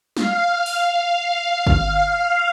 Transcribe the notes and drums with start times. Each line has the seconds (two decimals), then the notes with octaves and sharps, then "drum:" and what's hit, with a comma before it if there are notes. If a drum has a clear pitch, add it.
0.17 F5, drum: snare
0.66 drum: open hi-hat
1.67 drum: kick